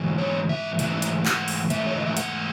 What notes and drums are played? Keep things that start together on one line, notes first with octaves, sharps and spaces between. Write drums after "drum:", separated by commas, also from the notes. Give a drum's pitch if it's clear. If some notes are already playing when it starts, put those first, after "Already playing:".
Already playing: G#2 E3
C#5
E5
G#2 E3 A3 E5, drum: hi-hat
drum: hi-hat
F#5, drum: clap
drum: open hi-hat
G#2 E3 A3 E5, drum: hi-hat
C#5
D#5
E5
F#5, drum: hi-hat